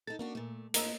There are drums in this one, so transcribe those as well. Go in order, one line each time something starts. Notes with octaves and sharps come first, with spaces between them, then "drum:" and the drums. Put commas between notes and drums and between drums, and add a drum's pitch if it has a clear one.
D#4 A4 A6
A#3 C#4 D4 F#4
A#2 A3
F2 F3 A#3 D#5 A#5 E6, drum: hi-hat